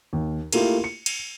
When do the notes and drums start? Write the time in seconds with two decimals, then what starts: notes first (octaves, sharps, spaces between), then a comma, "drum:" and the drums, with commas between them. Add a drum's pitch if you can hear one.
0.13 D#2
0.52 A3 A#3 E4 F4 G4, drum: cymbal
0.84 C#7
1.06 drum: cymbal